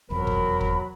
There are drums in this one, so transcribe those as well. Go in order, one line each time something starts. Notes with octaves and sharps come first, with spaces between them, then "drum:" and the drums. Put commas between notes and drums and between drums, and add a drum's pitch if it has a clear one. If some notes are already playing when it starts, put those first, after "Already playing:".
F1 B1 E2 F#3 C4 A#4 B5
drum: kick
drum: kick